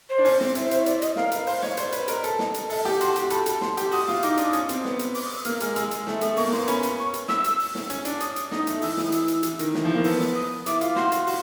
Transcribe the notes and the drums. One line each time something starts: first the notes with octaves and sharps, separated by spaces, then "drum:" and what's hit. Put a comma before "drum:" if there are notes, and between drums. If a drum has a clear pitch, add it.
C5
D4
C#4, drum: open hi-hat
C4, drum: snare
E4, drum: hi-hat
C5
E4, drum: hi-hat
C#5
D5, drum: hi-hat
D#5, drum: hi-hat
A#4 F5, drum: snare
B4, drum: hi-hat
C5 F5, drum: open hi-hat
C#5 D#5, drum: snare
C5 D5, drum: hi-hat
B4, drum: hi-hat
A#4 D#5, drum: hi-hat
A4, drum: hi-hat
D#5, drum: snare
drum: hi-hat
A4 E5, drum: open hi-hat
G4 A5, drum: snare
F#4 C6, drum: hi-hat
G4, drum: hi-hat
A4 B5, drum: hi-hat
A4, drum: hi-hat
C6, drum: snare
G4, drum: hi-hat
F#4 D#6, drum: open hi-hat
F4, drum: snare
D#4 D6, drum: hi-hat
D4 D#6, drum: hi-hat
C#4, drum: hi-hat
C4, drum: hi-hat
B3, drum: snare
drum: hi-hat
D6, drum: open hi-hat
D#6
E6
A#3 F6, drum: hi-hat
G#3 F6, drum: hi-hat
G#3 E6, drum: hi-hat
drum: hi-hat
A3, drum: snare
A3 D#6, drum: hi-hat
A#3 C#6, drum: open hi-hat
A#3
C6, drum: snare
B3
C#4 B5, drum: hi-hat
drum: hi-hat
C#6
drum: hi-hat
E6, drum: snare
drum: hi-hat
drum: open hi-hat
drum: snare
C#4, drum: hi-hat
D4, drum: hi-hat
D#6, drum: hi-hat
drum: hi-hat
D#4 D#6, drum: snare
A3, drum: hi-hat
E3 E6, drum: open hi-hat
E3, drum: snare
D#6
E6, drum: hi-hat
drum: hi-hat
E3, drum: hi-hat
D#3, drum: hi-hat
E3, drum: snare
F3
A#3
B3 E6, drum: open hi-hat
drum: snare
D#6
E4 D6, drum: hi-hat
F4, drum: hi-hat
F#4 C6, drum: snare
drum: hi-hat
F#4, drum: open hi-hat